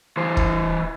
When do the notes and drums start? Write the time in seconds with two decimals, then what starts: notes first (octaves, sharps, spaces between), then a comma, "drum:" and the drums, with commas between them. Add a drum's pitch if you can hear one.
0.17 E3 C5
0.37 drum: kick